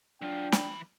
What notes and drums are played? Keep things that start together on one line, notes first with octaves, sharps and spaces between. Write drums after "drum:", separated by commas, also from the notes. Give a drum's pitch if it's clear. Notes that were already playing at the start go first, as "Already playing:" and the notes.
F#3 D4 F4 G5
E3 B5, drum: snare